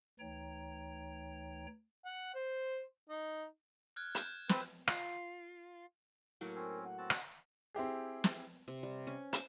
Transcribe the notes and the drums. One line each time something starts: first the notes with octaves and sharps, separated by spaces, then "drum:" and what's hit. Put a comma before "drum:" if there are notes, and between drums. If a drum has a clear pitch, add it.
D2 E3 D#4 C#5 G5 A#5
F#5
C5
D#4
F6 F#6 G#6
G6 E7, drum: hi-hat
C4 B4, drum: snare
F4, drum: rim click
A2 F#3 A#3 A#4
C4 C#4
F#5
C4 F#4 A5
drum: rim click
C4 E4 G4 G#4
drum: snare
C3
G3
C#4
C5, drum: hi-hat